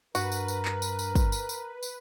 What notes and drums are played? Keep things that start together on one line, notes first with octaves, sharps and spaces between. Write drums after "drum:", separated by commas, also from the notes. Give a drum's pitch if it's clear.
G2 F#4 A#4 B4, drum: tambourine
drum: tambourine
drum: tambourine
drum: clap
drum: tambourine
drum: tambourine
drum: kick, tambourine
drum: tambourine
drum: tambourine
drum: tambourine